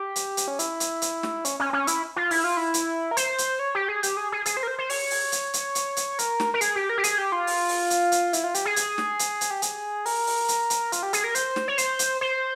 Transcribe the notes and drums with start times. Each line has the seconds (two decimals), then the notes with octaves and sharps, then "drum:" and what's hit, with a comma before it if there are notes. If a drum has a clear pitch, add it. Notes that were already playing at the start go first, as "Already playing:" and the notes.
Already playing: G4
0.16 drum: hi-hat
0.37 drum: hi-hat
0.48 C#4
0.59 E4, drum: hi-hat
0.80 drum: hi-hat
1.02 drum: hi-hat
1.23 drum: snare
1.45 C#4, drum: hi-hat
1.60 C#4
1.73 C#4
1.87 E4, drum: hi-hat
2.16 F4
2.31 E4, drum: open hi-hat
2.44 F4
2.57 E4
2.74 drum: hi-hat
3.11 A#4
3.17 C5, drum: hi-hat
3.38 drum: hi-hat
3.59 C#5
3.75 G4
3.88 G#4
4.03 G4, drum: hi-hat
4.17 G#4
4.32 G#4
4.46 G#4, drum: hi-hat
4.57 C5
4.63 A#4
4.67 C5
4.78 C5
4.90 C#5, drum: open hi-hat
5.10 drum: open hi-hat
5.32 drum: hi-hat
5.54 drum: hi-hat
5.75 drum: hi-hat
5.97 drum: hi-hat
6.19 A#4, drum: hi-hat
6.40 drum: snare
6.54 A#4
6.61 G#4, drum: hi-hat
6.76 G4
6.89 A#4
6.98 G4
7.04 G#4, drum: hi-hat
7.18 G4
7.32 F4
7.47 drum: open hi-hat
7.69 drum: open hi-hat
7.90 drum: hi-hat
8.12 drum: hi-hat
8.33 E4, drum: hi-hat
8.44 F4
8.54 G4, drum: hi-hat
8.65 G#4
8.76 drum: hi-hat
8.98 drum: snare
9.19 drum: hi-hat
9.41 drum: hi-hat
9.51 G4
9.62 G#4, drum: hi-hat
10.06 A#4, drum: open hi-hat
10.27 drum: open hi-hat
10.48 drum: hi-hat
10.70 drum: hi-hat
10.92 F4, drum: hi-hat
11.03 G4
11.13 G#4, drum: hi-hat
11.24 A#4
11.35 C5, drum: hi-hat
11.56 drum: snare
11.68 C#5
11.78 C5, drum: hi-hat
11.99 drum: hi-hat
12.21 C5